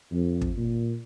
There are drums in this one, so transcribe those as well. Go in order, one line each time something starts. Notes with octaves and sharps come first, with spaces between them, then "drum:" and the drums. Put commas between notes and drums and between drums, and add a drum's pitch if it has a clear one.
F2
drum: kick
A#2